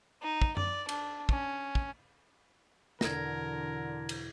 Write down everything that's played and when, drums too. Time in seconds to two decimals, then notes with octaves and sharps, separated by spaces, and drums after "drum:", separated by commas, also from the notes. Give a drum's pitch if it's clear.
0.22 D#4
0.42 drum: kick
0.57 D5, drum: tom F#2
0.89 D4, drum: cymbal
1.29 C#4, drum: kick
1.75 drum: kick
3.01 E2 B2 D3 A#4 G#6 A#6, drum: snare
4.09 drum: cymbal